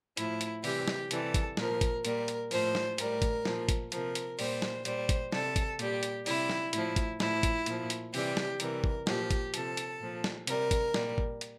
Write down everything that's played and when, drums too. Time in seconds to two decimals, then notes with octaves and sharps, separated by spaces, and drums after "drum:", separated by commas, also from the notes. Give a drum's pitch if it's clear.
0.17 A2 F3 E4, drum: hi-hat
0.41 drum: hi-hat
0.64 C3 E3 G3 G4, drum: open hi-hat
0.88 drum: snare
1.11 C3 E3 G3 A4, drum: hi-hat
1.34 drum: kick G#1, hi-hat
1.57 A#2 F3 A#4, drum: snare
1.81 drum: kick G#1, hi-hat
2.05 A#2 G3 A#4, drum: hi-hat
2.28 drum: hi-hat
2.51 A2 F3 C5, drum: open hi-hat
2.75 drum: snare
2.98 A2 G3 A#4, drum: hi-hat
3.22 drum: kick G#1, hi-hat
3.45 A#2 F3, drum: snare
3.69 drum: kick G#1, hi-hat
3.92 C3 F3 A#4, drum: hi-hat
4.15 drum: hi-hat
4.39 A#2 G3 C5, drum: open hi-hat
4.62 drum: snare
4.85 A#2 G3 C5, drum: hi-hat
5.09 drum: kick G#1, hi-hat
5.33 C3 G3 A4, drum: snare
5.56 drum: kick G#1, hi-hat
5.79 A#2 G3 G4, drum: hi-hat
6.03 drum: hi-hat
6.26 C3 G3 E4, drum: open hi-hat
6.50 drum: snare
6.73 A2 F3 E4, drum: hi-hat
6.96 drum: kick G#1, hi-hat
7.20 A2 F3 E4, drum: snare
7.43 drum: kick G#1, hi-hat
7.66 A#2 F3, drum: hi-hat
7.90 drum: hi-hat
8.14 C3 E3 G3 G4, drum: open hi-hat
8.37 drum: snare
8.60 C3 E3 G3 A#4, drum: hi-hat
8.84 drum: kick G#1
9.07 A#2 F3 G4, drum: snare
9.31 drum: kick G#1, hi-hat
9.54 C3 F3 A4, drum: hi-hat
9.77 drum: hi-hat
10.01 A#2 F3
10.24 drum: snare
10.47 C3 G3 A#4, drum: hi-hat
10.71 drum: kick G#1, hi-hat
10.94 A#2 G3, drum: snare
11.18 drum: kick G#1
11.41 drum: hi-hat